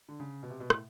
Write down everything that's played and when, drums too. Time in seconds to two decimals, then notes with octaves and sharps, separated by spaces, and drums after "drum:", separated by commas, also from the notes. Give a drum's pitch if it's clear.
0.09 D3
0.20 C#3
0.43 B2
0.50 C3
0.60 B2
0.70 A2, drum: rim click